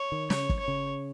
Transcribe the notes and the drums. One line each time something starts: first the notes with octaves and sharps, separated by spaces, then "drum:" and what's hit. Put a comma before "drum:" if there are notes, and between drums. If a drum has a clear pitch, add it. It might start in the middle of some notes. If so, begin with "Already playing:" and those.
Already playing: C#5
D#3
C#3 C#5, drum: snare
drum: kick
C#5
C#3